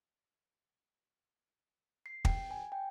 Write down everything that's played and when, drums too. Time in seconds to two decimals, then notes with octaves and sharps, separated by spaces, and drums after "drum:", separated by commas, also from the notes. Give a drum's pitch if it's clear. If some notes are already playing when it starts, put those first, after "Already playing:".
2.06 C7
2.25 G5, drum: kick
2.51 G#5
2.72 G5